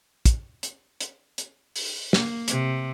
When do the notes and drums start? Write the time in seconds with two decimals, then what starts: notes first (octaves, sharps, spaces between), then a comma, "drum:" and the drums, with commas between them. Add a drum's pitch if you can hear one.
0.25 drum: kick, hi-hat
0.63 drum: hi-hat
1.01 drum: hi-hat
1.38 drum: hi-hat
1.76 drum: open hi-hat
2.13 A#3, drum: snare
2.48 C3, drum: hi-hat